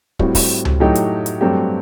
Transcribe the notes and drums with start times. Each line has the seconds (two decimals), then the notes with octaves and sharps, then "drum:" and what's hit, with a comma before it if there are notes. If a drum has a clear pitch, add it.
0.19 A2 G3 C4 F#4, drum: kick
0.35 drum: kick, open hi-hat
0.65 drum: tom C#2
0.80 A2 F#3 A3 D#4 G4
0.95 drum: hi-hat
1.26 drum: hi-hat
1.41 G2 F#3 A3 C4 G4